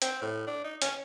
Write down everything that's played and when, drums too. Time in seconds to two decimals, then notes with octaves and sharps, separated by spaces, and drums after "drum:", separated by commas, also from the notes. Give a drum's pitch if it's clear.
0.02 C4, drum: hi-hat
0.22 A2
0.47 D4
0.64 D#4
0.82 C#4, drum: hi-hat